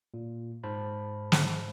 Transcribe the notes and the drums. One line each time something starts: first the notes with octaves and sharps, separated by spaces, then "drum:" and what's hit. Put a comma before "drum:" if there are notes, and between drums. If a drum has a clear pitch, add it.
A#2
G#2 C5 A5 B5
drum: snare